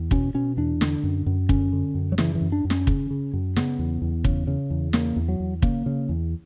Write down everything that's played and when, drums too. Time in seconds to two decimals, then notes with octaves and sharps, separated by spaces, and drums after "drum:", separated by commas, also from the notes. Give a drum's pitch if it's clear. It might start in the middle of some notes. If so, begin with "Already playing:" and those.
Already playing: E2
0.11 B2 C#4, drum: kick
0.34 B2 C#4
0.57 E2 D4
0.81 D3, drum: snare
1.03 F#2
1.26 F#2
1.49 D3 C#4, drum: kick
1.73 D3
1.95 F#2
2.12 F#3
2.18 C#3 E3, drum: snare
2.35 E3
2.41 F#2
2.52 D4
2.65 F#2
2.70 C#4, drum: snare
2.87 C#3, drum: kick
3.10 C#3
3.33 F#2
3.56 C#3 B3, drum: snare
3.79 E2
4.02 E2
4.24 C#3, drum: kick
4.47 C#3
4.70 E2
4.93 C#3 A#3, drum: snare
5.16 E2
5.28 F#3
5.40 E2
5.62 C#3 A#3, drum: kick
5.86 C#3
6.09 E2